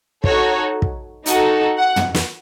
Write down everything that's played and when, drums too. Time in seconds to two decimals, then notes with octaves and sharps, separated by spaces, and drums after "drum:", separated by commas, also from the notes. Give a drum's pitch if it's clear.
0.24 D#4 F#4 A4 C#5, drum: kick
0.82 drum: kick
1.26 D#4 F#4 A4 D#5, drum: hi-hat
1.77 F#5
1.96 drum: tom
2.15 drum: snare